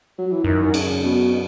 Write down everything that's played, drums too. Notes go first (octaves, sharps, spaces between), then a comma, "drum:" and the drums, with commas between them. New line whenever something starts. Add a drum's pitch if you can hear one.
F#3
E3
F#2 D#3
D#3
C#3, drum: cymbal
B2